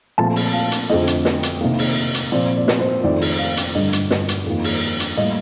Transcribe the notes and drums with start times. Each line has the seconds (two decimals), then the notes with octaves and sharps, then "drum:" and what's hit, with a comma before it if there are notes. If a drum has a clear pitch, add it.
0.18 A#2 F3 A3 C4 A5
0.36 drum: open hi-hat
0.54 F5
0.72 drum: hi-hat
0.90 F2 D3 A3 C4 D#5
1.07 drum: hi-hat
1.25 drum: snare
1.43 drum: hi-hat
1.61 C3 D#3 A#3
1.79 drum: open hi-hat
2.14 drum: hi-hat
2.32 A#2 F3 C4 D5
2.57 D5
2.68 drum: snare
2.80 C5
3.04 F2 D#3 A3 C4 D5
3.21 drum: open hi-hat
3.39 F5
3.57 drum: hi-hat
3.75 G2 D3 G3 D#5
3.93 drum: hi-hat
4.11 drum: snare
4.28 drum: hi-hat
4.46 F2 D#3 A#3
4.64 drum: open hi-hat
5.00 drum: hi-hat
5.17 A2 G3 A#3 D#5